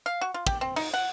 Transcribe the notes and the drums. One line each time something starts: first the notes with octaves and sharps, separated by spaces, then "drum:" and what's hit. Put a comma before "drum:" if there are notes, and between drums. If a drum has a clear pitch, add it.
F5
F#4
F4
G4, drum: kick
C4
D#4, drum: cymbal
F#5